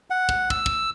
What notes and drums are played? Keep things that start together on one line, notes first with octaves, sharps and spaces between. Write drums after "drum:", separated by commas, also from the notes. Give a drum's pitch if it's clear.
F#5
drum: kick
E6, drum: kick
drum: kick